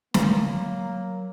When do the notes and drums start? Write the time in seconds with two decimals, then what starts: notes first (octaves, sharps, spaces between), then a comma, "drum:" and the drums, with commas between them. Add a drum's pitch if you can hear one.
0.14 F#3 A#3, drum: snare